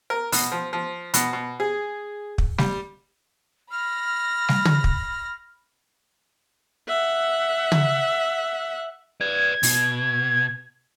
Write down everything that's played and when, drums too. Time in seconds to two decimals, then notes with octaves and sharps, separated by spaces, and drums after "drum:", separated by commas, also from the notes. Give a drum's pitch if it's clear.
0.10 A#4
0.32 B2, drum: open hi-hat
0.52 F3
0.73 F3
1.14 B2, drum: hi-hat
1.33 B2
1.60 G#4
2.38 drum: kick
2.58 G3, drum: snare G3
3.71 B5 F6 A#6
4.48 drum: snare G3
4.65 drum: tom
4.84 drum: kick
6.88 E5 F#5
7.72 drum: tom
9.21 B4 D5 G#6
9.63 B2, drum: open hi-hat